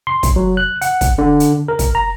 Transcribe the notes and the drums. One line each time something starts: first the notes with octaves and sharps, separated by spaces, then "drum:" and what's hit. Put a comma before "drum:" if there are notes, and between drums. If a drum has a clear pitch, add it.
C6
drum: kick, hi-hat
F#3
F#6
F#5, drum: hi-hat
drum: kick, hi-hat
D3
drum: hi-hat
A#4
drum: kick, hi-hat
A#5